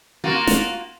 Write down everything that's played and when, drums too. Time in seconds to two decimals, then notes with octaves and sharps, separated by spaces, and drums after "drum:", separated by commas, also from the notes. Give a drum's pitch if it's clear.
0.24 A#3 F4 F#4
0.47 drum: snare